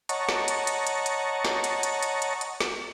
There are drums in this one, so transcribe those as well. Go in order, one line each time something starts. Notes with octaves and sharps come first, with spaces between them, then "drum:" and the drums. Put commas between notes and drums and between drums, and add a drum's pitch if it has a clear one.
C#5 D#5 F#5 A5 A#5 C#6, drum: hi-hat
drum: snare
drum: hi-hat
drum: hi-hat
drum: hi-hat
drum: hi-hat
drum: snare
drum: hi-hat
drum: hi-hat
drum: hi-hat
drum: hi-hat
drum: hi-hat
drum: snare